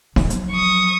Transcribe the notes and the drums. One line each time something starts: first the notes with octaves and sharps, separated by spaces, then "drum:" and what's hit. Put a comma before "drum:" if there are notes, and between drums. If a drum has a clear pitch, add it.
F3 F#3, drum: snare D#4
drum: hi-hat
C#6 D#6